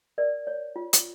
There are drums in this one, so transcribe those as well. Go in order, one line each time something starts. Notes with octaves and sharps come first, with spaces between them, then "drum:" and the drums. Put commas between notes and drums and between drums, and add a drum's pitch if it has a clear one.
A#4 D5
C#5
F4
drum: hi-hat